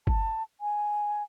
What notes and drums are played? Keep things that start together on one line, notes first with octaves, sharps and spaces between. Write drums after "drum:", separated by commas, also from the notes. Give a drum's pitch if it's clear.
A5, drum: kick
G#5